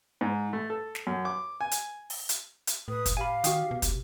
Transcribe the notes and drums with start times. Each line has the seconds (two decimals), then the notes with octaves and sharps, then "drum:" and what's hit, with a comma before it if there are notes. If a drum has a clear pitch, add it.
0.21 G#2
0.53 A3
0.70 A4
0.95 drum: snare
1.07 F#2
1.25 D6
1.61 G#5
1.71 drum: hi-hat
2.10 drum: open hi-hat
2.29 drum: hi-hat
2.67 drum: hi-hat
2.88 A2 B4 D#6
3.06 drum: kick, hi-hat
3.17 G4 F5 G#5 B5
3.44 D#3 F#4 G5 D#6, drum: hi-hat
3.71 B2
3.82 drum: kick, hi-hat